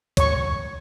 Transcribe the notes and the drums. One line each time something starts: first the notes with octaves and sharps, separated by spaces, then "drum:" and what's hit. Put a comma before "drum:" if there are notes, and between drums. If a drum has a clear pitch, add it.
C#5 C#6, drum: kick, hi-hat